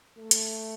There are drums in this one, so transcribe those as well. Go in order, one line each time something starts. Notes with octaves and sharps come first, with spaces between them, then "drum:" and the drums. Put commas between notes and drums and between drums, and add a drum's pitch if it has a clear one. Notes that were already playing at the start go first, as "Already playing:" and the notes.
A3
drum: hi-hat